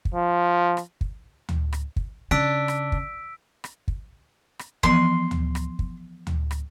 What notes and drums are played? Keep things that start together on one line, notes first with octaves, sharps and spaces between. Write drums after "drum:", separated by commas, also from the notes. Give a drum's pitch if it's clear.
drum: kick
F3
drum: rim click
drum: kick
drum: tom D2
drum: rim click
drum: kick
C#3 D4 E6 B6 D7
drum: rim click
drum: kick
drum: rim click
drum: kick
drum: rim click
E3 F3 B3 C6, drum: kick
drum: tom D2
drum: rim click
drum: kick
drum: tom D2
drum: rim click